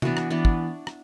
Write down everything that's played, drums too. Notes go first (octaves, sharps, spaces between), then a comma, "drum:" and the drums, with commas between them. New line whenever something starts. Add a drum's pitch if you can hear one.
E3 B3 D4 F#4, drum: tom
drum: rim click
E3 B3 D4
drum: kick
drum: rim click